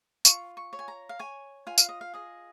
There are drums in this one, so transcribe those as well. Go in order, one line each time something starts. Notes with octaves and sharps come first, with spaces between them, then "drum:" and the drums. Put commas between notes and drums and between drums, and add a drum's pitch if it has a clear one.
F4 C#6, drum: tambourine
C#6
C#5
G#5
A#5
F5
C#5 G#5
F4 G#5
F5, drum: tambourine
D#5
F5
G#4 D#5